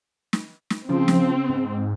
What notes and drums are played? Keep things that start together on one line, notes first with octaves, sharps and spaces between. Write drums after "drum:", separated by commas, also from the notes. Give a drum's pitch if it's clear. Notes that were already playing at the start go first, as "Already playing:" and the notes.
drum: snare
drum: snare
C#3 F3 C4
drum: snare
G#2